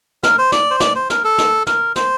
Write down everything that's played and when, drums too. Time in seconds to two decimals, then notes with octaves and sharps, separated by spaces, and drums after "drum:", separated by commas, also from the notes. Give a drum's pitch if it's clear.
0.23 A#4, drum: snare
0.38 C5
0.52 D5, drum: snare
0.71 C5
0.80 D5, drum: snare
0.96 C5
1.10 A#4, drum: snare
1.24 A4
1.38 drum: snare
1.67 A#4, drum: snare
1.96 C5, drum: snare